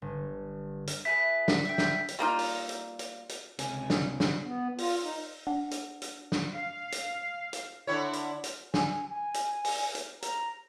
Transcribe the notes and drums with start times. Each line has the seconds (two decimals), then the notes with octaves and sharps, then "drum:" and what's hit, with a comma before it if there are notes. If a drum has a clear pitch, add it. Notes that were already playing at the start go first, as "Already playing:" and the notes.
0.02 G1
0.87 drum: hi-hat
1.05 E4 G#4 B4 B6
1.48 drum: snare
1.65 E5 G5
1.78 drum: snare
2.08 drum: hi-hat
2.19 G3 A#3 D#4 F4
2.39 drum: open hi-hat
2.69 drum: hi-hat
2.99 drum: hi-hat
3.29 drum: hi-hat
3.59 C#2 C3 C#4 G#5, drum: hi-hat
3.90 drum: snare
4.20 drum: snare
4.42 B3
4.78 F4, drum: open hi-hat
5.03 D#4
5.47 D4 F#5
5.71 drum: hi-hat
6.02 drum: hi-hat
6.32 drum: snare
6.53 F5
6.92 drum: hi-hat
7.53 drum: hi-hat
7.87 D3 E4 C#5
8.13 drum: hi-hat
8.44 drum: hi-hat
8.74 G#5, drum: snare
9.10 G#5
9.34 drum: hi-hat
9.65 drum: open hi-hat
9.95 drum: hi-hat
10.22 A#5, drum: hi-hat